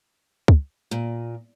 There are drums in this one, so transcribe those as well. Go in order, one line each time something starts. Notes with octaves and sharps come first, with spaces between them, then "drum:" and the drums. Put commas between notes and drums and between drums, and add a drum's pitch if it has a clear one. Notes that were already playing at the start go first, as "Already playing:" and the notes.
drum: kick
A#2